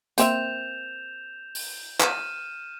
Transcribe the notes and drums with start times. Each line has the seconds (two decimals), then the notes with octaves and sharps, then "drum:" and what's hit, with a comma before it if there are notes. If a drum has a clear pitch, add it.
0.18 A#3 C4 E5 G6 E7 F7, drum: hi-hat
1.55 drum: open hi-hat
2.00 F6 D#7 E7, drum: clap